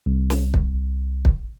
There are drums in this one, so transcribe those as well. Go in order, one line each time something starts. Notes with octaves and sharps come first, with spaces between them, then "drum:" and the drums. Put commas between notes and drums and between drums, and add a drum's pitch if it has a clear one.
C2
drum: snare
drum: kick
drum: kick